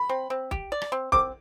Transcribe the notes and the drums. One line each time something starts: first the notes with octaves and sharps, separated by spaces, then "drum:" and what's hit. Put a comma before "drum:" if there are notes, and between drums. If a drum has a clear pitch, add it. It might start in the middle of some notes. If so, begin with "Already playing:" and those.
Already playing: B5
C4
C4
G4, drum: kick
D5
drum: rim click
C4
C4 D6, drum: kick